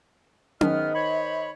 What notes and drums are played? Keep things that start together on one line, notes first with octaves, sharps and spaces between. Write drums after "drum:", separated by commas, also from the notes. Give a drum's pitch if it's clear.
G#2 D#3 B3 D#5 F6, drum: tom C#4
C5 C#5 B5